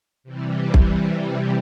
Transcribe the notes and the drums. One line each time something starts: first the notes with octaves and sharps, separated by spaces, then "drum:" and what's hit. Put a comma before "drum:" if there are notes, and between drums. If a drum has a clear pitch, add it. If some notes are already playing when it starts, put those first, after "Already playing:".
C3 E3 G3
drum: kick